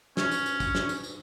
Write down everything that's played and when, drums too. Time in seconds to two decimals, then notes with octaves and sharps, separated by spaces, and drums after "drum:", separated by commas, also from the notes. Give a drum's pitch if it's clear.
0.17 C#4, drum: snare
0.31 drum: tambourine
0.46 drum: tambourine
0.60 drum: kick, tambourine
0.75 drum: snare
0.89 drum: tambourine
1.04 drum: tambourine